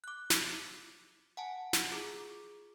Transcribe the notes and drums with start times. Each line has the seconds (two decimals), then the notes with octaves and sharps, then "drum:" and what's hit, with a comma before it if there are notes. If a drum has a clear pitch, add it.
0.04 D6 F#6
0.30 drum: snare
1.37 F#5 G#5 A5
1.73 drum: snare
1.91 F4 G#4 D6